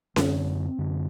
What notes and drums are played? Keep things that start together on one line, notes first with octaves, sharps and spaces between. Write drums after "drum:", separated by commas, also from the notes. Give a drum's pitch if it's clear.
F#2 D3 C4, drum: snare C#4
F#2 D3